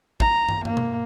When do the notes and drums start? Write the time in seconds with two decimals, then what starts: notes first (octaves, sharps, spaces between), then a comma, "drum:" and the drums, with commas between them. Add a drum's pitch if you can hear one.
0.20 A#5, drum: kick
0.49 drum: tom
0.65 A#3, drum: tom
0.77 drum: tom B2